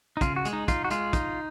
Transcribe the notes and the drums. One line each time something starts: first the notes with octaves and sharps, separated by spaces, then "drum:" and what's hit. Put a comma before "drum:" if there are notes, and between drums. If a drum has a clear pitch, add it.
D#4
C#3 F4, drum: kick, hi-hat
F#4
G#3, drum: hi-hat
D#4
D#4 F4, drum: kick, hi-hat
F#4
G#3 F4, drum: hi-hat
D#4, drum: kick, hi-hat